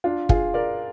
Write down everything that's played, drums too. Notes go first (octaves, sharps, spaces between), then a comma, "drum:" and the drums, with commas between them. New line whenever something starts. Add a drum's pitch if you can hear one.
D4 F4
F4 G#4, drum: kick
A#4 D5